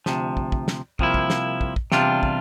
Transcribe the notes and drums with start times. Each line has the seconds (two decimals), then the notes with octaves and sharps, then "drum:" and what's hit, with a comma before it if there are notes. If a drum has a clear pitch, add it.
0.06 D2 C3 F3, drum: snare
0.37 drum: kick
0.52 drum: kick
0.68 drum: snare
0.99 C2 C3 F3 A#3 E4, drum: kick
1.14 drum: kick
1.30 drum: snare
1.61 drum: kick
1.76 drum: kick
1.92 E2 C3 G3 D4 F4, drum: snare
2.23 drum: kick